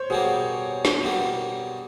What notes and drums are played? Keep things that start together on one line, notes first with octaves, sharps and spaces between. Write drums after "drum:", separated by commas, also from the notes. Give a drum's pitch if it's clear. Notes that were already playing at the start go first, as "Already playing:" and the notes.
Already playing: C5 C#5
B2 G3 A#3 G#4
drum: snare
B2 G3 A#3